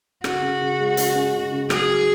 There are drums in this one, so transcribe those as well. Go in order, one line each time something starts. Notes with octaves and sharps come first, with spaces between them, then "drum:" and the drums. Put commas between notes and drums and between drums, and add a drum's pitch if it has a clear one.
C#3 F#4, drum: rim click
C#3
C#3
G#3
C#3, drum: hi-hat
C#4
C#3
C#3
F#3 G#4, drum: rim click
F#4